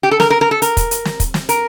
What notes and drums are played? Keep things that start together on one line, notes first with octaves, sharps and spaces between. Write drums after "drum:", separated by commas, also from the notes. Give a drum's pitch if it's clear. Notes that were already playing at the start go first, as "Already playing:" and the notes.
G4
A4
A#4, drum: snare
A#4
A#4
A4
A#4, drum: hi-hat
drum: kick, hi-hat
drum: hi-hat
drum: snare
drum: kick, hi-hat
drum: snare
A#4, drum: hi-hat